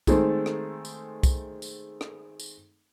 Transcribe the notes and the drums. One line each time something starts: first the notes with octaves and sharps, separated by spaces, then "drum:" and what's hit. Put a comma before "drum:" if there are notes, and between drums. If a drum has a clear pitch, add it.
D#3 G#3 A3 C4 A4, drum: kick, tambourine
drum: rim click
drum: tambourine
drum: kick, tambourine
drum: tambourine
drum: rim click
drum: tambourine